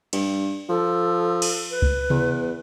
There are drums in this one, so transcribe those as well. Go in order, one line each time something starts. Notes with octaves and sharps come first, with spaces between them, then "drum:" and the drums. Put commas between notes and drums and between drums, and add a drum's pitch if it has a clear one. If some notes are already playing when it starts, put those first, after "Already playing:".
G2, drum: cymbal
F3 A4
drum: cymbal
B4
drum: kick C#2
E2, drum: tom C3